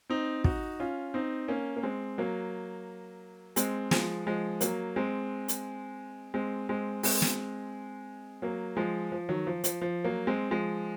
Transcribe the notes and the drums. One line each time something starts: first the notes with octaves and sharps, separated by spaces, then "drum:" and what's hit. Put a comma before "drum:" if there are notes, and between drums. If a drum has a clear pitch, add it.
C4 D#4
D#4 F#4, drum: kick
C#4 F4
C4 D#4
A#3 C#4
A#3
G#3 C4
F#3 A#3
G#3 C4, drum: hi-hat
F3 G#3, drum: snare
F3 G#3
F#3 A#3, drum: hi-hat
G#3 C4
drum: hi-hat
G#3 C4
G#3 C4
G#3 C4, drum: open hi-hat
drum: snare
F#3 A#3
F3 G#3
F3
D#3 F#3
F3
F3, drum: hi-hat
F3
F#3 A#3
G#3 C4
F3 G#3